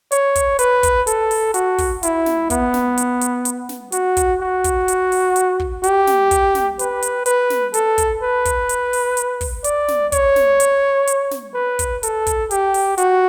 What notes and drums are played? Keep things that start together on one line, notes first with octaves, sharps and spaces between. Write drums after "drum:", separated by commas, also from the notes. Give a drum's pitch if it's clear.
C#5, drum: hi-hat
drum: kick, hi-hat
B4, drum: hi-hat
drum: kick, hi-hat
A4, drum: hi-hat
drum: open hi-hat
F#4, drum: hi-hat
drum: kick, open hi-hat
E4, drum: hi-hat
drum: snare
B3, drum: kick, hi-hat
drum: snare
drum: hi-hat
drum: hi-hat
drum: hi-hat
drum: snare
F#4, drum: hi-hat
drum: kick, hi-hat
F#4
drum: kick, hi-hat
drum: hi-hat
drum: open hi-hat
drum: hi-hat
drum: kick
G4, drum: hi-hat
drum: snare
drum: kick, hi-hat
drum: snare
B4, drum: hi-hat
drum: hi-hat
B4, drum: hi-hat
drum: snare
A4, drum: hi-hat
drum: kick, hi-hat
B4
drum: kick, hi-hat
drum: hi-hat
drum: open hi-hat
drum: hi-hat
drum: kick, open hi-hat
D5, drum: hi-hat
drum: snare
C#5, drum: kick, hi-hat
drum: snare
drum: hi-hat
drum: hi-hat
drum: snare
B4
drum: kick, hi-hat
A4, drum: hi-hat
drum: kick, hi-hat
G4, drum: hi-hat
drum: open hi-hat
F#4, drum: hi-hat